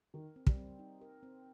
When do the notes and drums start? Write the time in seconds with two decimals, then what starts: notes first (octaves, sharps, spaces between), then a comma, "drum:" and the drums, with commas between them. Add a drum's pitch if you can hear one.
0.14 D#3 A#4
0.36 C4
0.47 G3, drum: kick
0.57 C4
0.79 D#4
1.01 A#4
1.23 C4